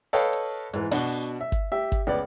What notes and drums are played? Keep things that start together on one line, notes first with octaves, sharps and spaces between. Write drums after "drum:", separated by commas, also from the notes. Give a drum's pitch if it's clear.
A4 B4 C#5 D#5 F5 G5
drum: hi-hat
G#2 E3, drum: hi-hat
B2 D4 F#4, drum: open hi-hat
drum: hi-hat
E5
drum: kick G1, hi-hat
G4 E5
drum: kick G1, hi-hat
C#2 B3 D5